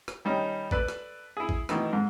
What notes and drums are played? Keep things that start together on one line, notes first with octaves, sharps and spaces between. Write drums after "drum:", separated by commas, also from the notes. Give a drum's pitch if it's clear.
drum: rim click
D#3 G3 C#4 D#4
A4 B4 D5, drum: kick A1
drum: rim click
E4 G#4
drum: kick A1
B2 D#3 E3 A3 D#4 E4, drum: rim click
G#2